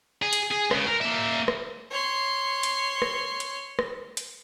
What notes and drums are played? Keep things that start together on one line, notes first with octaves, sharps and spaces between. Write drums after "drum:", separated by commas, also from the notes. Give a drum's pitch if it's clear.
G#4
drum: hi-hat
G#4
C#2 C#3, drum: rim click
A#4
A#3 E5
drum: rim click
C#5 C6
drum: hi-hat
drum: rim click
drum: hi-hat
drum: rim click
drum: hi-hat